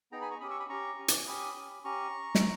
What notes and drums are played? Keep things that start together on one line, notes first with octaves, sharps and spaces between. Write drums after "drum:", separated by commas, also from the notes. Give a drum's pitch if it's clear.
B3 D#4 G#4 G5 A#5
G#5 B5
A#5 C#6
C#4 G4 B5 D#6
C#6 E6
B5 D#6
C#4 G4 A#5 C#6
C#4 G4
drum: hi-hat
C#4 G4 B5 D#6
C#4 G4
C#4 G4 A#5 C#6
drum: snare